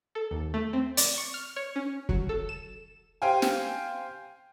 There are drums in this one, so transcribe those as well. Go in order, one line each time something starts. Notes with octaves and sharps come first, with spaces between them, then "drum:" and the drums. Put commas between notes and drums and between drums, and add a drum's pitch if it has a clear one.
A4
D#2
A3
C4
D5, drum: hi-hat
C#6
F6
C#5
C#4
F#3, drum: kick
A4
E7
G4 C5 F5 G5 G#5
drum: snare